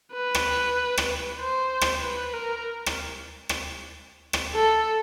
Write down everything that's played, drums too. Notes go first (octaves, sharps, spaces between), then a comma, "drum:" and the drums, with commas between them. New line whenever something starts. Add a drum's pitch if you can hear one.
B4
drum: rim click
drum: rim click
C5
drum: rim click
B4
A#4
drum: rim click
drum: rim click
drum: rim click
A4